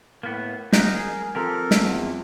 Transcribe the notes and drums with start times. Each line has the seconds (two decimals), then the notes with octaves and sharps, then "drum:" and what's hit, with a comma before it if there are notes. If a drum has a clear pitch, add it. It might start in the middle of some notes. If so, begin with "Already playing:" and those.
0.23 A2 A#3 B3
0.73 D#4 F#4 A#4, drum: snare
0.95 G#4
1.35 F3 C4 G4 A4 A#4
1.71 drum: snare
1.80 E2